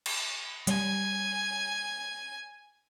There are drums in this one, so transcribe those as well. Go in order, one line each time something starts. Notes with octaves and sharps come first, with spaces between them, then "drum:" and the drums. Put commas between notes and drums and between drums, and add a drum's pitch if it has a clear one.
drum: cymbal
G3 G#5, drum: hi-hat